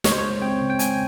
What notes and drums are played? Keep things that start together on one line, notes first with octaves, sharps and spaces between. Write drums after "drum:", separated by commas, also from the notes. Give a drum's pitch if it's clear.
C#2 C#5, drum: snare
C5
C#5
G#3
C4 G5
C#3
G5
C#2 G#5, drum: hi-hat